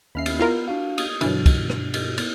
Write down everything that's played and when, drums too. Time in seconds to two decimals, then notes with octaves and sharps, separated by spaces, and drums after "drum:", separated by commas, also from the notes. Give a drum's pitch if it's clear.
0.15 D#2 C#4 E5 B5 F6 C7
0.26 drum: cymbal
0.40 B3 E4 F4 A#4
0.68 D4 F#4 F5
0.98 D#6 G#6, drum: cymbal
1.21 G2 B2 D3 E3 F#3 F#4, drum: cymbal
1.46 drum: kick, cymbal
1.70 drum: rim click
1.94 drum: cymbal
2.18 drum: cymbal